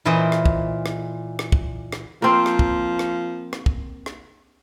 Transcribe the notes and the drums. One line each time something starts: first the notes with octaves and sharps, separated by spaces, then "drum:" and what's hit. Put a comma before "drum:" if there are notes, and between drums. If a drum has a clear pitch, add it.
A#2 E3 A#4 C5 D#5
drum: rim click
drum: kick
drum: rim click
drum: rim click
drum: kick
drum: rim click
F3 A#3 C4
drum: rim click
drum: kick
drum: rim click
drum: rim click
drum: kick
drum: rim click